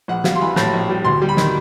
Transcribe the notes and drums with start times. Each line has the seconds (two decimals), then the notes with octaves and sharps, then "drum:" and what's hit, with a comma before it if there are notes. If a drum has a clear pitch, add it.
0.08 A#1 F#5
0.24 G3 F5, drum: snare
0.36 C6
0.41 E3 B5
0.56 A2 B5, drum: snare
0.73 A#1
0.89 G3
1.05 D2 C6
1.22 G3
1.29 B5
1.37 D#3, drum: snare